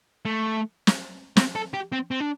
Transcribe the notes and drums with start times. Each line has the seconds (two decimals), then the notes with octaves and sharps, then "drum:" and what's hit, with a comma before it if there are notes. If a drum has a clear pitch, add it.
0.25 A3
0.87 drum: snare
1.37 C4, drum: snare
1.55 A4
1.74 G4
1.92 C4
2.11 C4
2.20 D4